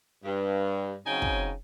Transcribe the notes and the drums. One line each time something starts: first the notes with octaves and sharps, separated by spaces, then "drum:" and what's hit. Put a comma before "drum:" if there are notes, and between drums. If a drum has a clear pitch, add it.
G2
C#3 F#3 C4 D#4 G5 G#5
drum: kick